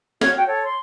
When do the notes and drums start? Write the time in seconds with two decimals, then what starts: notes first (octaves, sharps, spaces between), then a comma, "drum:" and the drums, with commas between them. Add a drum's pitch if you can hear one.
0.21 F#4 C#5 F6 G#6, drum: snare
0.35 F#4 G5
0.47 A4 C#5
0.65 C6